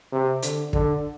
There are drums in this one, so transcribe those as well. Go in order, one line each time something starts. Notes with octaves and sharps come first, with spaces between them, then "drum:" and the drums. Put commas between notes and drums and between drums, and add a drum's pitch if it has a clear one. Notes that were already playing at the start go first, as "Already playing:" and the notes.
C3
D3, drum: hi-hat
D3, drum: kick